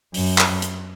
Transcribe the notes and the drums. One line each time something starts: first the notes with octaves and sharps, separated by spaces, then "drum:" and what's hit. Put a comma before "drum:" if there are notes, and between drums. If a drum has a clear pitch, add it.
F#2, drum: open hi-hat
drum: clap
drum: hi-hat